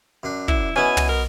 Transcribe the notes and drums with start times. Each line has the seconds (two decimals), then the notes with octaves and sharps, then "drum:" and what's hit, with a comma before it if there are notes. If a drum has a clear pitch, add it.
0.23 F#2 D4
0.48 E4, drum: kick
0.76 B2 B3 C#4 E4 G#5
0.97 drum: tom
1.09 A#4